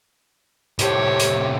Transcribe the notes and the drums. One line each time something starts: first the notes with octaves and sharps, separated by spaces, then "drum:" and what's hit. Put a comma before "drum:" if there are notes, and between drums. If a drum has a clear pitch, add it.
A2 C3 G4 C#5, drum: hi-hat
drum: hi-hat